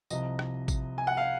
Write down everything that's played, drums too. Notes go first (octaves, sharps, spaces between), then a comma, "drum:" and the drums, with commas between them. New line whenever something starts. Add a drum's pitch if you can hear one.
C2 C3 F3 D#5, drum: tambourine
drum: rim click
drum: kick, tambourine
G#5
F#5
F5